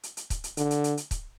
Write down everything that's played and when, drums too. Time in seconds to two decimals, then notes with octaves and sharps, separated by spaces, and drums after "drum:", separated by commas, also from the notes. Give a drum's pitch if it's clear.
0.03 drum: hi-hat
0.17 drum: hi-hat
0.30 drum: kick C#1, hi-hat
0.44 drum: hi-hat
0.57 D3, drum: hi-hat
0.71 drum: hi-hat
0.84 drum: hi-hat
0.97 drum: hi-hat
1.11 drum: kick C#1, hi-hat